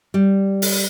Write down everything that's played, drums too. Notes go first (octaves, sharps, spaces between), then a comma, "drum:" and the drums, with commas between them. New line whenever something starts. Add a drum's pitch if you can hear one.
G3
drum: open hi-hat